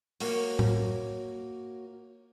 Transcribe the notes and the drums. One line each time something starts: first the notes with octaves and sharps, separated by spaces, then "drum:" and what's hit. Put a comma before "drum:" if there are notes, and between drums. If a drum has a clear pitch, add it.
A#3 F#4 C#5, drum: open hi-hat
drum: tom A2